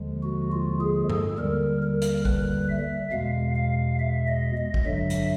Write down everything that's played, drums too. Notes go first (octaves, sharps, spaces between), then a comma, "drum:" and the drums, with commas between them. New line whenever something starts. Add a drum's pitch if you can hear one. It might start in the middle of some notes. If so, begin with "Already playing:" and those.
Already playing: D#2 D3 F3 G#3
F#4
F4
G#4
A4, drum: tom G2
D#2 D3 G3 A#4
A#4
drum: hi-hat
B4, drum: kick A#1
E5
E2 B2 G#3 F5
F5
E5
D#5
D#5
drum: kick A#1
G2 D3 F#3 E5
drum: hi-hat